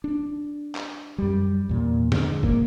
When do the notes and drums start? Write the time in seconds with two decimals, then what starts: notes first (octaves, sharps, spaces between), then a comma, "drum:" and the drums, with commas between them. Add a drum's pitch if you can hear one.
0.04 D4
0.75 drum: clap
1.18 F#2 G3
1.69 E2 A#2
2.12 G#2 D3 G#3, drum: snare
2.43 A#1 A#3, drum: kick